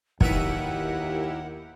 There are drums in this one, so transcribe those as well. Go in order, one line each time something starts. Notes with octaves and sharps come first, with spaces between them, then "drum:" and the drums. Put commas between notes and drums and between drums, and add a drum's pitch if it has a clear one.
D#2 B2 D#3 E4 G4 A#4 E5 F#5, drum: kick